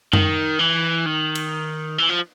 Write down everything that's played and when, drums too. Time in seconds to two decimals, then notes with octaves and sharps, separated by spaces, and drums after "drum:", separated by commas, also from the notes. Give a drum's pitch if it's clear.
0.13 D#3, drum: tom F#2
0.59 E3
1.06 D#3
1.35 drum: cymbal
1.99 E3
2.09 F3